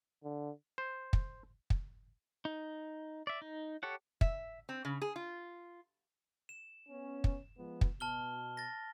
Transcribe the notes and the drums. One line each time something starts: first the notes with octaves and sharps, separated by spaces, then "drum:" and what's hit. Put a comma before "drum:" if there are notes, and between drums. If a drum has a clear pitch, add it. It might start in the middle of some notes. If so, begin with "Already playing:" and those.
D3
C5
drum: kick
drum: kick
D#4
D5 E5
D#4
G4 A4 C#5 F#5
E5, drum: kick
C4
C#3
G#4
F4
E7
B3 C#4
drum: kick
F3 G#3 B3
drum: kick
B2 A5 F6 G7
A6 A#6